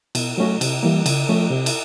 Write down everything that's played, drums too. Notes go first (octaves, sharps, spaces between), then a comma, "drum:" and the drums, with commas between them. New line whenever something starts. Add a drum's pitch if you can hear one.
B2, drum: cymbal
F#3 A3 C#4 F#4
C3, drum: cymbal
E3 G3 A#3
C#3, drum: cymbal
F3 A3 C#4
C3
drum: cymbal